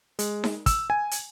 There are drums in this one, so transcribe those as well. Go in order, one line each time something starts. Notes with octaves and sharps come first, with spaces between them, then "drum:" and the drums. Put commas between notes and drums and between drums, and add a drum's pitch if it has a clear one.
G#3, drum: hi-hat
drum: snare D#4
E6, drum: kick, hi-hat
G#5
drum: hi-hat